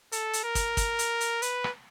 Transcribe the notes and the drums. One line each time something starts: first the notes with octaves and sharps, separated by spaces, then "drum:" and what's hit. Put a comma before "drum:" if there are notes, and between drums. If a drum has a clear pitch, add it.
A4, drum: hi-hat
drum: hi-hat
A#4
drum: kick, hi-hat
drum: kick, hi-hat
drum: hi-hat
drum: hi-hat
B4, drum: hi-hat
drum: rim click